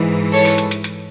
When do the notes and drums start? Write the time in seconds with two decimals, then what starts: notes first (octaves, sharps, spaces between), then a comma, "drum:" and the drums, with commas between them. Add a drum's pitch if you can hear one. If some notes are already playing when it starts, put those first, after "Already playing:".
Already playing: G#2 E3
0.32 A4 C#5
0.45 drum: open hi-hat
0.58 drum: hi-hat
0.71 drum: hi-hat
0.84 drum: hi-hat